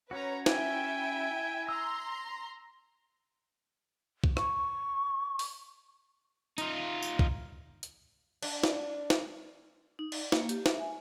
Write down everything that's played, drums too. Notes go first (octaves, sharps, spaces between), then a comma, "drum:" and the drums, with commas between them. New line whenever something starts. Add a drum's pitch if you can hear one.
C#4 F#4 B4 C#5 A#5
E4 E5 G5 G#5, drum: snare
A#5 C6 E6
drum: kick C2
C#6, drum: rim click
drum: open hi-hat
D#4 F4, drum: hi-hat
drum: tambourine
drum: kick C2
drum: hi-hat
D4, drum: cymbal
drum: snare
drum: snare
D#4
D5, drum: cymbal
A#3, drum: snare
G4, drum: hi-hat
E5, drum: snare
G#5